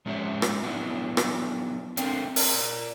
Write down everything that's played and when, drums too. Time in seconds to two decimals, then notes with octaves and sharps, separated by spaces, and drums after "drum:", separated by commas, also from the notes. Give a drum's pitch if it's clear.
0.06 F3 G#3 C#4 G4 C#5 E5
0.42 drum: rim click
0.63 F3 F#3 B3 D4 E4
1.17 drum: rim click
1.97 A3 C4 D4 A#4 F5 G5, drum: hi-hat
2.36 A#4 D5, drum: open hi-hat